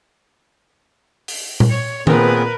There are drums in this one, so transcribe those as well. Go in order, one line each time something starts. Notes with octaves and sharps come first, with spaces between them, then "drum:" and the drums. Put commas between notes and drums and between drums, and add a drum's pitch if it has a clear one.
drum: open hi-hat
drum: tom A#2
C#5
A#2 B3 C4 G#4 A#4 B4, drum: tom D#3